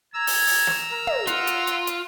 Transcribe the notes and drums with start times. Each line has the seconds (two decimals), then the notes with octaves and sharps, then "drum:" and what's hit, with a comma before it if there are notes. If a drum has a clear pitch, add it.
0.14 A#5 E6 G#6
0.27 drum: open hi-hat
0.47 drum: open hi-hat
0.67 drum: snare
0.91 A#4
1.07 drum: tom
1.27 F4 F#5, drum: hi-hat
1.47 drum: hi-hat
1.67 drum: hi-hat
1.87 drum: hi-hat